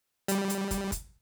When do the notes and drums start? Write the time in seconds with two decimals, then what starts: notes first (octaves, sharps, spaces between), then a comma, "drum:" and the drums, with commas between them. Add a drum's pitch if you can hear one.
0.28 G3, drum: hi-hat
0.50 drum: hi-hat
0.71 drum: kick, hi-hat
0.92 drum: kick, hi-hat